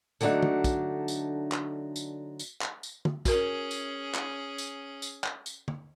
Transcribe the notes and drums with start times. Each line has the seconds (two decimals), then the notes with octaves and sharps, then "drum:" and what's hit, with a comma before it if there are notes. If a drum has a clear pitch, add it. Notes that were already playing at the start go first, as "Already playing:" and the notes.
0.21 D3 F#3 A3 D4 D#4 F#4, drum: tambourine
0.42 drum: tom
0.64 drum: kick, tambourine
1.08 drum: tambourine
1.52 drum: clap
1.96 drum: tambourine
2.39 drum: tambourine
2.61 drum: clap
2.83 drum: tambourine
3.05 drum: tom
3.25 C#4 F#4 G#4 A#4, drum: kick, tambourine
3.71 drum: tambourine
4.15 drum: clap
4.58 drum: tambourine
5.02 drum: tambourine
5.24 drum: clap
5.46 drum: tambourine
5.68 drum: tom D3